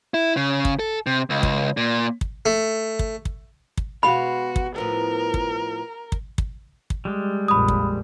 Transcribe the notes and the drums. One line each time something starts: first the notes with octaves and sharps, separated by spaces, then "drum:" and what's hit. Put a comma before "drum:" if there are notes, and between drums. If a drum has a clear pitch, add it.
E4
C#3
drum: kick
A4
C3
C#2
drum: kick
A#2
drum: kick
A3
drum: kick
drum: kick
drum: kick
B2 G#3 F#4 F5 B5
drum: kick
A2 F3 B3 A#4
drum: kick
drum: kick
drum: kick
drum: kick
G3 G#3
A#1 F2 A#2 B5 D#6
drum: kick